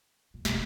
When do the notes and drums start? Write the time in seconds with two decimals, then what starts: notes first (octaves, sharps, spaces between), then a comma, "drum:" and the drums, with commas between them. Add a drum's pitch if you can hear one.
0.34 A#2
0.45 B2, drum: snare